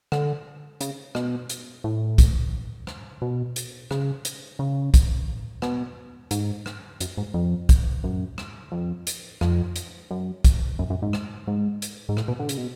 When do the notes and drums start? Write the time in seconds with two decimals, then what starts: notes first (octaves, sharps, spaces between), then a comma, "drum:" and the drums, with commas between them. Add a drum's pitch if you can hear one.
0.12 D3, drum: rim click
0.81 C#3, drum: hi-hat
1.15 B2, drum: rim click
1.50 drum: hi-hat
1.84 A2
2.18 drum: kick, hi-hat
2.87 drum: rim click
3.22 B2
3.56 drum: hi-hat
3.91 C#3, drum: rim click
4.25 drum: hi-hat
4.59 C#3
4.94 drum: kick, hi-hat
5.62 B2, drum: rim click
6.31 G#2, drum: hi-hat
6.66 drum: rim click
7.01 F#2, drum: hi-hat
7.17 G#2
7.34 F2
7.69 drum: kick, hi-hat
8.04 F#2
8.38 drum: rim click
8.72 F2
9.07 drum: hi-hat
9.41 F2, drum: rim click
9.76 drum: hi-hat
10.11 F#2
10.44 drum: kick, hi-hat
10.79 F#2
10.90 F#2
11.02 G#2
11.13 drum: rim click
11.47 G#2
11.82 drum: hi-hat
12.09 G#2
12.17 A2, drum: rim click
12.28 B2
12.39 D3
12.49 C#3, drum: hi-hat
12.58 B2